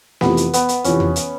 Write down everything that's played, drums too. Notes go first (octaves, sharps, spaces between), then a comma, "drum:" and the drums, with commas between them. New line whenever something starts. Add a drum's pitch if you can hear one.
F2 C3 E3 B3, drum: snare
drum: hi-hat
B3, drum: hi-hat
drum: hi-hat
F2 C3 E3 C#4, drum: hi-hat
drum: tom E2
drum: hi-hat